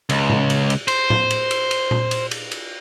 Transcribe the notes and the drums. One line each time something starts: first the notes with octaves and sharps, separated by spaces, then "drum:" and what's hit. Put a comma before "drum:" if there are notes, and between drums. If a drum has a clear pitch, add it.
C#2, drum: cymbal
drum: tom A2
drum: cymbal
drum: cymbal
C5, drum: cymbal
drum: tom A2
drum: cymbal
drum: cymbal
drum: cymbal
drum: tom A#2
drum: cymbal
drum: cymbal
drum: cymbal